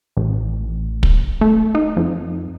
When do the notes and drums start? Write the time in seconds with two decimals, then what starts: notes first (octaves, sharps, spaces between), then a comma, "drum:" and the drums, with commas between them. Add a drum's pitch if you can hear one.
0.17 A1
1.03 drum: kick
1.41 A3
1.75 D#4
1.97 F2